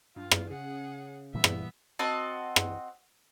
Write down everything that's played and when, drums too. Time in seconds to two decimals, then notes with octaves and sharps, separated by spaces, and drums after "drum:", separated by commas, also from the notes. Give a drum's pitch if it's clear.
0.16 G2 F4
0.31 drum: rim click
0.50 C#3 G#4 F#5
1.34 A#2 E3 G3 B3 E5
1.44 drum: rim click
1.99 C4 F#4 D#5 A5
2.56 drum: rim click